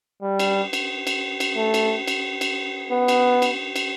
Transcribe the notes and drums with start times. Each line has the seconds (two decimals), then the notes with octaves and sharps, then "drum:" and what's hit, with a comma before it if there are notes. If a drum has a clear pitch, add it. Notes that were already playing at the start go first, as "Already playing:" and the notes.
0.22 G3
0.39 drum: cymbal
0.73 drum: cymbal
1.07 drum: cymbal
1.40 drum: cymbal
1.57 A3
1.74 drum: cymbal
2.08 drum: cymbal
2.41 drum: cymbal
2.91 B3
3.08 drum: cymbal
3.42 drum: cymbal
3.76 drum: cymbal